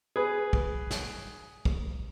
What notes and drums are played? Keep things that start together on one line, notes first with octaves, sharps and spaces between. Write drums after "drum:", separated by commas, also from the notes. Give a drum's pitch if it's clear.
G#4 B4
drum: kick
drum: snare
drum: kick